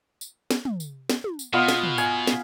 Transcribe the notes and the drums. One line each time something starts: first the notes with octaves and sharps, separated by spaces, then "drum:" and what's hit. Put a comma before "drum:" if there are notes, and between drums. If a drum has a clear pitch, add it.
drum: tambourine
drum: snare
drum: tom
drum: tambourine
drum: snare
drum: tom
drum: tambourine
B2 B3 F4 D#5
drum: snare
drum: tom
G#5, drum: tambourine
drum: snare